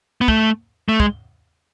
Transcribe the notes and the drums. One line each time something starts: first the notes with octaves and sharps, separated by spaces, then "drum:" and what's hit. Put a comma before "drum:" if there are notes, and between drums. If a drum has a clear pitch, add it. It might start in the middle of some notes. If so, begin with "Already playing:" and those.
B3
A3, drum: kick
A3
G#3, drum: kick